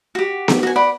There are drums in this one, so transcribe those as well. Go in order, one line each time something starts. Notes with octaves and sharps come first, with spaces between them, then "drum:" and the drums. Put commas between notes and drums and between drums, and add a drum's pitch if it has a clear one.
F#4 G4
drum: snare B3
F#4 G#5
D5 F#5 B5